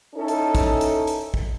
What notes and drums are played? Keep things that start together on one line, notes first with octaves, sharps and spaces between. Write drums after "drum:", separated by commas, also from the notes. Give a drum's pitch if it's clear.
C#4 D#4 E4 A4
drum: hi-hat
drum: kick, hi-hat
drum: hi-hat
drum: hi-hat
drum: kick